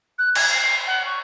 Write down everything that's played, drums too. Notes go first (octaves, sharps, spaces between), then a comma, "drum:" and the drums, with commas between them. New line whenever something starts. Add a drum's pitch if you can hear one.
F#6
G#6, drum: cymbal
C7
F#5
C#6